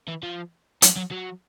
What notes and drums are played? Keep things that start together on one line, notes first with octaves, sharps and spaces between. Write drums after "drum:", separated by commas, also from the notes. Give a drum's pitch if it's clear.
E3
F3
F#3, drum: hi-hat
F#3
F#3